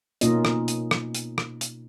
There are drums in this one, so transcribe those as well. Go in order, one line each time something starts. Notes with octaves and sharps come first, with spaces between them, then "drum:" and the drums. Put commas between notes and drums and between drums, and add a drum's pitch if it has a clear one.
B2 A#3 C#4 D#4 F4 D#5, drum: hi-hat
drum: rim click
drum: hi-hat
drum: rim click
drum: hi-hat
drum: rim click
drum: hi-hat